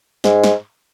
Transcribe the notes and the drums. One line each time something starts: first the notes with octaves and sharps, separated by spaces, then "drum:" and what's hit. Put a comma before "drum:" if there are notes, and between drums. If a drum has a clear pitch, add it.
G#2, drum: snare
drum: snare